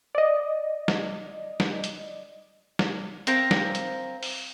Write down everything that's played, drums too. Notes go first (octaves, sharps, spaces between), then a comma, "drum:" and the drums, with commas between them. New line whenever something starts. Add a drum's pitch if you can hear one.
D5 D#5
drum: snare
drum: snare
drum: hi-hat
drum: snare
C4 A#4 F5, drum: hi-hat
drum: snare
drum: hi-hat
drum: open hi-hat